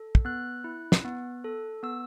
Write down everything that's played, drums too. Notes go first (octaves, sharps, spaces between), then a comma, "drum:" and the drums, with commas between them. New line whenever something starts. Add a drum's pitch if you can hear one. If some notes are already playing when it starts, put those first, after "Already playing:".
Already playing: A4
drum: kick
B3 F#6
E4
drum: snare
B3
A4
B3 E6